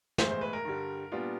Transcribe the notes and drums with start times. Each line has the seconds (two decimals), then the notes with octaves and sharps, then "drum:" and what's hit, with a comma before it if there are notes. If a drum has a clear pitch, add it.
0.18 B1 A2 E3 G#3 C5, drum: snare
0.31 C5
0.41 B4
0.53 A#4
0.65 G2 D3 G3
1.12 A#2 G3 B3 D4 F4